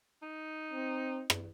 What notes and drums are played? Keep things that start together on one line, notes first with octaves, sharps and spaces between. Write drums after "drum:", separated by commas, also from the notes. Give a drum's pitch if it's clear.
D#4
C4
drum: rim click